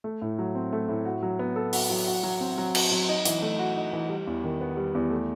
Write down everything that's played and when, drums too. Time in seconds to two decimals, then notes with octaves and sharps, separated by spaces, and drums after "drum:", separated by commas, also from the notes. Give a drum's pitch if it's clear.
0.04 A3
0.22 A2
0.39 F#3
0.55 C4
0.73 A3
0.89 A2
1.05 F#4
1.23 F#3
1.39 B3
1.56 A4
1.73 F#4, drum: open hi-hat
1.90 F#3
2.07 F#4
2.23 F#3
2.41 C4
2.58 F#3
2.75 F#4, drum: cymbal
2.92 F#3
3.09 D#4
3.25 E3, drum: hi-hat
3.42 A3
3.59 F#4
3.76 D#4
3.93 E3
4.09 G3
4.27 E2
4.43 D#3
4.61 B3
4.77 G3
4.95 E2
5.10 A3